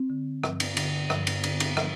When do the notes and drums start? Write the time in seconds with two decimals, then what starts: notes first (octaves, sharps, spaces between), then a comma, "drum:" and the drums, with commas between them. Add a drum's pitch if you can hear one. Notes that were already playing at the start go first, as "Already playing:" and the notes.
Already playing: C4
0.10 D3
0.44 G2, drum: rim click
0.60 drum: cymbal
0.77 D3, drum: cymbal
1.10 G2, drum: rim click
1.27 drum: cymbal
1.44 D3, drum: cymbal
1.60 drum: cymbal
1.77 drum: rim click